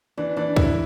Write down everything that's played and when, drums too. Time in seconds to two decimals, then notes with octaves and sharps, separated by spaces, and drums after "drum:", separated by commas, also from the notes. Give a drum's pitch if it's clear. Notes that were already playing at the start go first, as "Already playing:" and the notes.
0.17 E3 D4
0.37 E3 D4
0.56 E4, drum: kick